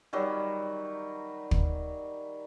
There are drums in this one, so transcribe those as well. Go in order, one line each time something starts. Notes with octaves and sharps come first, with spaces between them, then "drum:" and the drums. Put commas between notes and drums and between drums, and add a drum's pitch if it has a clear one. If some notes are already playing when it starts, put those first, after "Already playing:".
D#3 F#3 G3
drum: kick